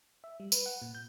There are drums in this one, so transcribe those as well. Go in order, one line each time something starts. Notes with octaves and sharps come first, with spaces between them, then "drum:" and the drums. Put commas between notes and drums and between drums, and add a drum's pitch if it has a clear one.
E5
G3
B4, drum: tambourine
F#5
A#2
G6